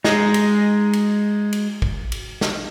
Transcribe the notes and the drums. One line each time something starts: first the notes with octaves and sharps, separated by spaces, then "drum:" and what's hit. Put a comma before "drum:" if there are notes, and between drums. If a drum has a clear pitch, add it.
G#3 D#4, drum: snare
drum: cymbal
drum: cymbal
drum: cymbal
drum: kick
drum: cymbal
drum: snare